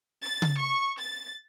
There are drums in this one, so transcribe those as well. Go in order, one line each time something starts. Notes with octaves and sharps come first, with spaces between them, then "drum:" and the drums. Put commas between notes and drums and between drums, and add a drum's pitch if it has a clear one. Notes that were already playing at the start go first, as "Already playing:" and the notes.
A6
drum: tom C#3
C#6
A6